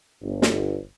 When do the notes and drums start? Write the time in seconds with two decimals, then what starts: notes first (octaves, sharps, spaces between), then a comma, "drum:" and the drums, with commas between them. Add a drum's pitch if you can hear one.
0.22 G1
0.42 drum: snare